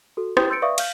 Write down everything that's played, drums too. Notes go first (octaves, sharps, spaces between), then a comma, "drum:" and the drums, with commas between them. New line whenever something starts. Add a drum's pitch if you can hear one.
F#4 A4
E4 G4 G5 D#6 G6, drum: rim click
C6 E6 G6 A6 C#7 D7
B4 D5 E5 F5 C#6 D#6
F5 F6 G6, drum: cymbal